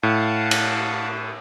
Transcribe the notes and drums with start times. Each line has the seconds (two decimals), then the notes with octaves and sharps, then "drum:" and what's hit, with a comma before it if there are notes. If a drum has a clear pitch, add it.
0.03 A2 F5 F#5 A5
0.51 drum: cymbal